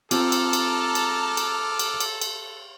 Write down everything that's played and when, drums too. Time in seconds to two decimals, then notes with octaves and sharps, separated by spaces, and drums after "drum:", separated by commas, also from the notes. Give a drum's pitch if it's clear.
0.11 C4 F4 A4 A5 A#5 D6 F6, drum: cymbal
0.32 drum: cymbal
0.53 drum: cymbal
0.95 drum: cymbal
1.37 drum: cymbal
1.79 drum: cymbal
2.00 drum: cymbal
2.21 drum: cymbal